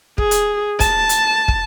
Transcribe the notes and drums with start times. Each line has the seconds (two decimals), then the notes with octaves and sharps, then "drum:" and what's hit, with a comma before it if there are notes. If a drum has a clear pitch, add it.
0.18 G#4, drum: kick
0.31 drum: hi-hat
0.80 A5, drum: kick, hi-hat
1.09 drum: hi-hat
1.48 drum: kick